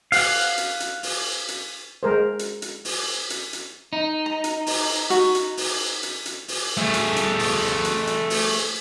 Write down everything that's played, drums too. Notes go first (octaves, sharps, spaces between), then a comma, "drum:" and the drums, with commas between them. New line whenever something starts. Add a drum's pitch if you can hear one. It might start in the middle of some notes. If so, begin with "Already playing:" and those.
F5 F#5, drum: open hi-hat
drum: hi-hat
drum: hi-hat
drum: open hi-hat
drum: hi-hat
G#3 A#4 C5
drum: hi-hat
drum: hi-hat
drum: open hi-hat
drum: hi-hat
drum: hi-hat
D#4
A#5
drum: hi-hat
drum: open hi-hat
F#4, drum: hi-hat
drum: hi-hat
drum: open hi-hat
drum: hi-hat
drum: hi-hat
drum: open hi-hat
A3 G#4
drum: hi-hat
drum: hi-hat
drum: open hi-hat
drum: hi-hat
drum: hi-hat
drum: open hi-hat